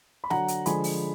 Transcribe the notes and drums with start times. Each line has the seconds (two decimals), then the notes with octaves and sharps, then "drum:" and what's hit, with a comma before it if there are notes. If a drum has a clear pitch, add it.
0.24 B5
0.30 D3 F#3 F#5 A#5, drum: snare
0.48 drum: hi-hat
0.66 D3 F3 G#3 G#5 B5, drum: hi-hat
0.84 drum: open hi-hat